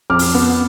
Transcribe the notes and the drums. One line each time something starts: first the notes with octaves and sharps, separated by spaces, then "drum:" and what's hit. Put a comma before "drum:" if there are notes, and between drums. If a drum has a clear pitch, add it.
F2 D6 F6
drum: open hi-hat
B3